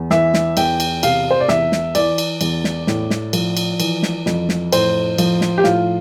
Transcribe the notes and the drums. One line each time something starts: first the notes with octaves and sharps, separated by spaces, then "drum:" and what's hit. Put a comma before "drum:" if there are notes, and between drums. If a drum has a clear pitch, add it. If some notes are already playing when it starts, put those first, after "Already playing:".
Already playing: E2
E3 E5, drum: snare
drum: snare
E2 G5, drum: cymbal
drum: cymbal
C3 F5, drum: cymbal
C5
D5
E2 E5, drum: snare
drum: snare
E3 D5, drum: cymbal
drum: cymbal
E2, drum: cymbal
drum: snare
A2, drum: snare
drum: snare
F3, drum: cymbal
drum: cymbal
E3, drum: cymbal
drum: snare
F2, drum: snare
drum: snare
A2 C5, drum: cymbal
F3, drum: cymbal
drum: snare
G4
A2 F4, drum: snare